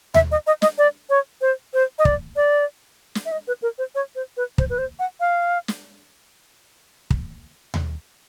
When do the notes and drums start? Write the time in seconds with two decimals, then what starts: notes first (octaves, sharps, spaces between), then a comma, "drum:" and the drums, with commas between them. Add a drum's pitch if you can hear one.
0.14 E5, drum: tom D#2
0.31 D#5
0.47 D#5
0.62 D#5, drum: snare
0.78 D5
1.10 C#5
1.41 C5
1.74 C5
1.99 D#5
2.05 D5, drum: kick
2.36 D5
3.15 drum: snare
3.25 E5
3.32 D#5
3.48 B4
3.62 A#4
3.78 C5
3.95 C#5
4.15 C5
4.37 B4
4.58 C5, drum: kick
4.70 B4
4.78 C5
4.99 F#5
5.20 F5
5.68 drum: snare
7.10 drum: kick
7.74 drum: tom D#2